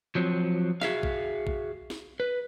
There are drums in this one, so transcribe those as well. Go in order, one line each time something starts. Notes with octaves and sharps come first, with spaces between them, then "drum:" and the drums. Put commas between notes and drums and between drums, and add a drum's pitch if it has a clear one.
F3 F#3 C4
F#4 G#4 E5 F5, drum: snare
drum: kick A#1
drum: kick A#1
drum: snare
B4